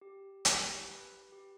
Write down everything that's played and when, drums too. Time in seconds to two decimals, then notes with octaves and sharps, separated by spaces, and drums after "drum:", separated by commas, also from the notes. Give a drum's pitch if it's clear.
0.01 G4
0.45 G4, drum: hi-hat
0.88 B4
1.32 G4